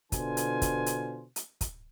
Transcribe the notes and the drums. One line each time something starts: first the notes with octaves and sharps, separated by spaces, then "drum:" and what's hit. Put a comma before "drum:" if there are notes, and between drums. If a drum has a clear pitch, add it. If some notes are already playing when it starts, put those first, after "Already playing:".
B2 D3 F4 C5 G#5, drum: kick, hi-hat
drum: hi-hat
drum: kick, hi-hat
drum: hi-hat
drum: hi-hat
drum: kick, hi-hat